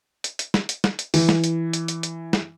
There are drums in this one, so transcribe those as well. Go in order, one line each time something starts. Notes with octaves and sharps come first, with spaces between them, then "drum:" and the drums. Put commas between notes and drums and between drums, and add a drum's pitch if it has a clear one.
drum: hi-hat
drum: hi-hat
drum: snare
drum: hi-hat
drum: snare
drum: hi-hat
E3, drum: open hi-hat
drum: snare
drum: hi-hat
drum: hi-hat
drum: hi-hat
drum: hi-hat
drum: snare